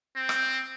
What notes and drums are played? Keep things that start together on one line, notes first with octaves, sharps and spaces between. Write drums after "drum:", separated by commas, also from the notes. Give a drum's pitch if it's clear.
C4
drum: rim click